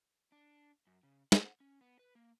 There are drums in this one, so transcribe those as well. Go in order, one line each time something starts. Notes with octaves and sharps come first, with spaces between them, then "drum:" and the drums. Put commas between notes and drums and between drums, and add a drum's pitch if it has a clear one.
D4
F#2
C#3
F#5, drum: snare
C#4
B3
B4
A#3